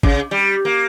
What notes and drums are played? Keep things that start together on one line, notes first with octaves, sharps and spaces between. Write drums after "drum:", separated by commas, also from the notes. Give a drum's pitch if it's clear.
C#3, drum: kick
G3
A#3